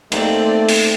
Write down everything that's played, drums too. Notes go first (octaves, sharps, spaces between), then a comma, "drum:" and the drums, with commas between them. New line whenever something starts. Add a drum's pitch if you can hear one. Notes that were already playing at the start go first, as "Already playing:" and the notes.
D#2 A3 C4 D5, drum: hi-hat
drum: open hi-hat